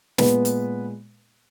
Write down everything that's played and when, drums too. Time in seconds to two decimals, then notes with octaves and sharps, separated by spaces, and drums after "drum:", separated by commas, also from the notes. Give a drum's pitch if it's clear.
0.18 A#2 G#3 B3 B4, drum: snare
0.45 drum: hi-hat